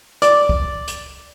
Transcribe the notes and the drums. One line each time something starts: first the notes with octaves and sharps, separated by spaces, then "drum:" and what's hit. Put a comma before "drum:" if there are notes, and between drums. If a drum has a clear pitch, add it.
D5, drum: hi-hat
drum: kick
drum: hi-hat